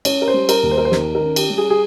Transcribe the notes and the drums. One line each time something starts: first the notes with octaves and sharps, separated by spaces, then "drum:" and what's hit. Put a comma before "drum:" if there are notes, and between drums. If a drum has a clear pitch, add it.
C#4 C#5, drum: cymbal
A#4
C5
G3
A#4, drum: cymbal
D#2
C5
A#4
C5
D#3 A#4, drum: snare
A#4
C#4
G4, drum: cymbal
G3
G#4
G#4